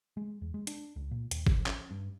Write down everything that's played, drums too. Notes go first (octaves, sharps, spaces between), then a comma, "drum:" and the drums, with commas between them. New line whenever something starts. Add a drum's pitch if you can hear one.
G#3
E2
G#3
D4, drum: hi-hat
C#2
A#2
D#2, drum: hi-hat
F3, drum: kick
C#4, drum: clap
G2